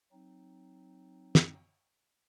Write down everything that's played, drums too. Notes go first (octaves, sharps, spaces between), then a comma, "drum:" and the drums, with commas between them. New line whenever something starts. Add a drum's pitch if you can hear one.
F#3 C4 D#4
drum: snare